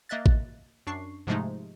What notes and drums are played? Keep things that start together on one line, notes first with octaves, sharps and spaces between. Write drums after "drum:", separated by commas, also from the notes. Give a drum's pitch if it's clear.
A#3 D#5 E5 F#6 A6
drum: kick A1
F#2 D4 C#6 C7
G#2 C3 F3 G#3 A3 D#4